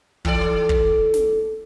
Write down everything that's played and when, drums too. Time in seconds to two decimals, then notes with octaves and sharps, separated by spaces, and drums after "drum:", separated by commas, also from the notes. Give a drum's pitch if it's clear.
0.25 E3 A4 D5, drum: kick
0.69 drum: kick
1.14 drum: snare